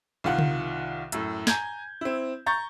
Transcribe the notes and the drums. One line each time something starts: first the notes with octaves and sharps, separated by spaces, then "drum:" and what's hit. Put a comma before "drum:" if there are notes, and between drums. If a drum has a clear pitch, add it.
C2 D#3 F4 F#5 F#6
drum: tom C#3
F#2 A2, drum: hi-hat
G#5 A#5 G6 G#6, drum: snare
C4 E4
A#5 C#6 G6 A6